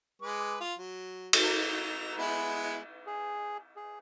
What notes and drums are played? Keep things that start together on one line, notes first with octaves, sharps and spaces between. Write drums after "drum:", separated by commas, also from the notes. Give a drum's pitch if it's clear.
G#3 B4 D6
F4
F#3
drum: cymbal
A#5 E6
G#3 B3 E4
G#4
G#4